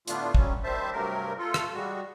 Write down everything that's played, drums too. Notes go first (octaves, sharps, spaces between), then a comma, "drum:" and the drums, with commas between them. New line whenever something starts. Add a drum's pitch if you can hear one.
A2 D3 A3 B3 D4 F4, drum: hi-hat
F#3 G3 C#4, drum: kick
D#3 G3 C5 E5 A5
G2 C3 F#3 A3 A#4
A3 F4 A4
drum: rim click
G3 G#3 F#4